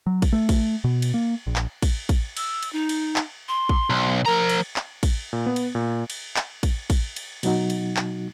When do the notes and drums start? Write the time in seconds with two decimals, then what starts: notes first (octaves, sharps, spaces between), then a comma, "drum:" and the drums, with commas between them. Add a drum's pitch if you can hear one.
0.07 F#3
0.22 drum: kick, cymbal
0.33 A3
0.49 drum: kick, cymbal
0.84 B2
1.02 drum: cymbal
1.14 A#3
1.47 A#1
1.56 drum: clap
1.82 drum: kick, cymbal
2.09 drum: kick, cymbal
2.37 E6, drum: cymbal
2.63 drum: cymbal
2.73 D#4
2.89 drum: cymbal
3.16 drum: clap
3.49 C6
3.69 drum: kick
3.90 B1
4.26 F3 A#4 A#5
4.49 drum: cymbal
4.76 drum: clap
5.03 drum: kick, cymbal
5.33 A#2
5.46 B3
5.56 drum: cymbal
5.75 A#2
6.10 drum: cymbal
6.36 drum: clap
6.63 drum: kick, cymbal
6.90 drum: kick, cymbal
7.16 drum: cymbal
7.43 B2 F#3 D#4 F#4, drum: cymbal
7.70 drum: cymbal
7.97 drum: clap